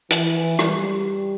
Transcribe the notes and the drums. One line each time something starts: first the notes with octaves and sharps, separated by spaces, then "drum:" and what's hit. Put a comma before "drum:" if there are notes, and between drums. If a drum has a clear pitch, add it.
E3, drum: hi-hat
G3, drum: rim click